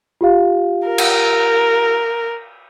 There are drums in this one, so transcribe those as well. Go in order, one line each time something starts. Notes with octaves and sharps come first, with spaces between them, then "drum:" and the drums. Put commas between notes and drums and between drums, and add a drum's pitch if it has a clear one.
F4 G4 F5
A#4
drum: cymbal